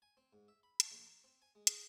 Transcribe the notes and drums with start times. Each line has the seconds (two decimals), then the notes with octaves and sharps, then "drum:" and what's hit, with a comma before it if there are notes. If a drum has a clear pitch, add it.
0.02 G#5
0.17 C4
0.33 G#2
0.48 E5
0.63 B5
0.80 A5, drum: hi-hat
0.92 A#1
1.07 A#5
1.24 C4
1.42 G#5
1.55 G#3
1.67 G#4, drum: hi-hat